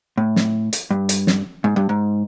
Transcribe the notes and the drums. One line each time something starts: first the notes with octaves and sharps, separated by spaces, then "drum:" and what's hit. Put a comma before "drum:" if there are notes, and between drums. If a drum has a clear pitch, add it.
A2
drum: snare
drum: hi-hat
G2
drum: hi-hat
drum: snare
G#2
G2
G#2